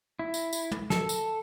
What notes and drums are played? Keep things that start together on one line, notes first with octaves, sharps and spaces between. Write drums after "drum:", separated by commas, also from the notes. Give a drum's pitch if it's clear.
E4
drum: tambourine
drum: tambourine
drum: tom
A4, drum: snare
drum: tambourine